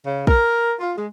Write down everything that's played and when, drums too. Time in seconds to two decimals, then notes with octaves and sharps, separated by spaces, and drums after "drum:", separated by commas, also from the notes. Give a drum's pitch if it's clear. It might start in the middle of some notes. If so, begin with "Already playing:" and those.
0.04 C#3
0.27 A#4, drum: kick A#1
0.80 F4
0.96 G#3